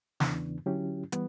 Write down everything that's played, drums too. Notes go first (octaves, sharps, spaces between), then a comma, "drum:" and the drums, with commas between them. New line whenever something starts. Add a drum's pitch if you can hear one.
E2 C#3 E3 B3 D4, drum: snare
D3 F#3 C#4 E4 G4
E3 G3 B3, drum: hi-hat